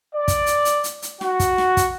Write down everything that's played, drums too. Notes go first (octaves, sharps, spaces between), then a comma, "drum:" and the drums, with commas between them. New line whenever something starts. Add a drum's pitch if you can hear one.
D5
drum: kick, hi-hat
drum: hi-hat
drum: hi-hat
drum: hi-hat
drum: hi-hat
F#4, drum: snare
drum: kick, hi-hat
drum: snare
drum: kick, hi-hat